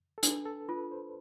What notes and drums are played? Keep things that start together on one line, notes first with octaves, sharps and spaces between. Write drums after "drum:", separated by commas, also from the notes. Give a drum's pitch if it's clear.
A4
D4 B4, drum: hi-hat
A4
F4 A4 B4
C5